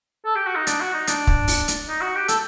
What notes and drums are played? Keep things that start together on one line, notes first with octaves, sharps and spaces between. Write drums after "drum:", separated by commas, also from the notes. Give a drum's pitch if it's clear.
A4
G4
F#4
D#4
D4, drum: hi-hat
F#4
D#4
D4, drum: hi-hat
drum: kick
drum: open hi-hat
drum: hi-hat
D#4
F#4
G4
A4, drum: hi-hat